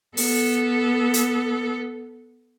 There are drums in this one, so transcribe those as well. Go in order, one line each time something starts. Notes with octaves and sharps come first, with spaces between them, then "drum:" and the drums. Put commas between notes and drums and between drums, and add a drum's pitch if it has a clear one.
B3 A4, drum: open hi-hat
drum: hi-hat